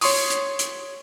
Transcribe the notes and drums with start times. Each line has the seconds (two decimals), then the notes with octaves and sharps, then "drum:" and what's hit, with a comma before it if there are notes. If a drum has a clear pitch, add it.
0.01 C#5 C6 C#6 D#6, drum: open hi-hat
0.30 drum: hi-hat
0.59 drum: hi-hat